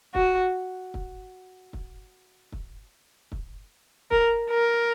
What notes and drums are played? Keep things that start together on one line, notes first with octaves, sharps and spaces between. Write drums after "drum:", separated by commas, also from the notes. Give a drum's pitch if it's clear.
F#4, drum: kick
drum: kick
drum: kick
drum: kick
drum: kick
A#4, drum: kick
A#4